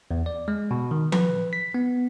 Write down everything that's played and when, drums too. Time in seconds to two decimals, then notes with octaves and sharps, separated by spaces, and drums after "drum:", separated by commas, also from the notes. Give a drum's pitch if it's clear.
0.11 E2
0.26 D5
0.48 G#3
0.71 B2
0.91 D#3
1.12 B4, drum: tom F3
1.53 B6
1.74 B3